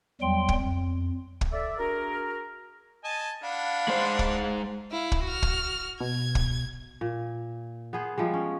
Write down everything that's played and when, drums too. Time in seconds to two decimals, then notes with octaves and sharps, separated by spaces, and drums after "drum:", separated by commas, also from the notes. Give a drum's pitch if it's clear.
0.21 E2 F#3 G3 G5 C6
0.49 drum: kick
0.60 F2
1.41 drum: kick
1.52 A4 D5 E5
1.79 D4 F#4 G#4 A#4
3.04 D#5 G#5 A5
3.43 D4 F5 F#5 B5
3.88 G#3 C5
4.19 drum: kick
4.92 E4 F5
5.12 drum: kick
5.24 F#4 F6
5.42 drum: kick
6.01 B2 G#6
6.35 drum: kick
7.01 A#2
7.93 B3 G#4 C5
8.18 F3 G3 G#3
8.34 C#4